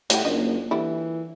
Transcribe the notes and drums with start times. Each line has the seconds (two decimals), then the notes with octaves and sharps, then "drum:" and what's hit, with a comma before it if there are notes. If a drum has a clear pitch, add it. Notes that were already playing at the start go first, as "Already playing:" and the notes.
0.10 A2 E3 G3 G4 F#5, drum: hi-hat
0.25 F#1 A#3 D4 F4 D#5
0.71 D3 E3 G3 E4